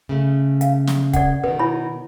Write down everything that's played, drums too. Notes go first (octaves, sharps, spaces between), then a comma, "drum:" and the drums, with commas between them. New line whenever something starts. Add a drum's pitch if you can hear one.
C#3 A3
F5, drum: hi-hat
drum: snare
D5 F#5, drum: kick, hi-hat
B2 D#3 B4
E4 C#5 B5